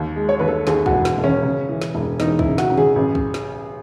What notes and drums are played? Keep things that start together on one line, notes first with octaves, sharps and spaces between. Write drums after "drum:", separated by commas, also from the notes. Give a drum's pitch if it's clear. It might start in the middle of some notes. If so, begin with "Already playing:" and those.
Already playing: D#2
G#3
C#5
D#2 B4
A4
D#2 G#4, drum: snare
F#4, drum: kick
E1
drum: snare
E1
C#4, drum: tom D3
C#3
E3
drum: snare
E1
E2 D#4, drum: snare
E4, drum: kick
C#3
F#4, drum: snare
C#3
G#4, drum: tom D3
A1
drum: kick
drum: snare